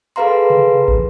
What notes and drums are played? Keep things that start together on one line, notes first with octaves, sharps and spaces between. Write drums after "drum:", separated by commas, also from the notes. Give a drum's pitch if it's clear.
G#4 A4 B4 F5 A#5 C6
drum: tom C3
drum: kick